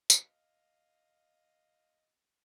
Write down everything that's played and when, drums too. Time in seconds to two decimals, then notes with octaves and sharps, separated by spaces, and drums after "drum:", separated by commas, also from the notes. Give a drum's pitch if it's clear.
0.10 D#5 F5, drum: tambourine